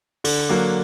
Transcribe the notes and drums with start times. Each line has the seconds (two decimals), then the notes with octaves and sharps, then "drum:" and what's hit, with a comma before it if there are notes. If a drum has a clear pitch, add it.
0.24 D3, drum: open hi-hat
0.49 F#3 A#3